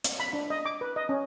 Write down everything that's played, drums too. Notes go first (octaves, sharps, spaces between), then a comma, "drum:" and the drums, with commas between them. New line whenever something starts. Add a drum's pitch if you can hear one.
drum: hi-hat
B5
D4
D#5
D6
B4
D#5
C#4